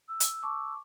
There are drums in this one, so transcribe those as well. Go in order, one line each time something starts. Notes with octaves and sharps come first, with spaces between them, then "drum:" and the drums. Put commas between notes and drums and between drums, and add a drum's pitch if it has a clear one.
E6
drum: hi-hat
A5 C#6 D6